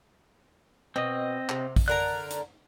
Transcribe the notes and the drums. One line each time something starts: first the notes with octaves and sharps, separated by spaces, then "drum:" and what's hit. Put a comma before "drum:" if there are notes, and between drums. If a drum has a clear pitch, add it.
B2 C4 D#5
C3, drum: clap
drum: kick, open hi-hat
D3 A#4 A#5 F#6
drum: hi-hat